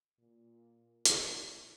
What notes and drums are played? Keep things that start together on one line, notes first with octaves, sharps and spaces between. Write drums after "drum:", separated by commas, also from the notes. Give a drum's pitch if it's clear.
A#2
G2, drum: hi-hat
A#2